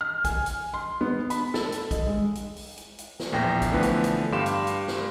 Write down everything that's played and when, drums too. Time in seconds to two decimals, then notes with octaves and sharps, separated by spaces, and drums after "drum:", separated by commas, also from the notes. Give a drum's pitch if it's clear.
0.01 F6
0.25 G#5, drum: kick, hi-hat
0.46 drum: hi-hat
0.74 C6
1.01 B3
1.30 B5, drum: hi-hat
1.54 A4, drum: snare
1.72 drum: hi-hat
1.91 D#5, drum: kick, hi-hat
2.07 G#3
2.35 drum: hi-hat
2.56 drum: open hi-hat
2.78 drum: hi-hat
2.99 drum: hi-hat
3.20 drum: snare
3.33 A#1 E2 G5 A#6
3.62 drum: kick, hi-hat
3.72 D3 E3 F3 A3 B3 B4
3.83 drum: hi-hat
4.04 drum: hi-hat
4.32 G2 G4 F5 C6 E7
4.46 drum: hi-hat
4.67 drum: hi-hat
4.88 drum: snare